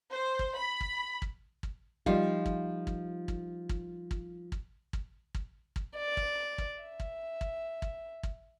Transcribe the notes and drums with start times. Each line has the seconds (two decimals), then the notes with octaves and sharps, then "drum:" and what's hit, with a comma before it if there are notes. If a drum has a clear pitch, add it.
0.11 C5
0.39 drum: kick
0.54 B5
0.80 drum: kick
1.22 drum: kick
1.63 drum: kick
2.06 F3 G3 D#4 F4, drum: kick
2.46 drum: kick
2.87 drum: kick
3.28 drum: kick
3.69 drum: kick
4.11 drum: kick
4.52 drum: kick
4.93 drum: kick
5.34 drum: kick
5.76 drum: kick
5.96 D5
6.17 drum: kick
6.58 drum: kick
6.82 E5
7.00 drum: kick
7.41 drum: kick
7.82 drum: kick
8.23 drum: kick